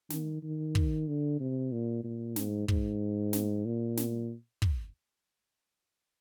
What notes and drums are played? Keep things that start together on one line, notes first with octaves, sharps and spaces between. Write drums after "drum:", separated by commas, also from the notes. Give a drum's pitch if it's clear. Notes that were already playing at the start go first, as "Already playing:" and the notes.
D#3, drum: snare
D#3
drum: kick
D3
C3
A#2
A#2
G#2, drum: snare
G#2, drum: kick
drum: snare
A#2
drum: snare
drum: kick